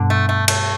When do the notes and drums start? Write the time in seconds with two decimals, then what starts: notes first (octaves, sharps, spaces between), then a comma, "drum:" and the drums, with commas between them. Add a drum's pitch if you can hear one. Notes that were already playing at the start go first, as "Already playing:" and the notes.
Already playing: G2 B2 D3
0.10 A3
0.29 A3
0.48 A3, drum: cymbal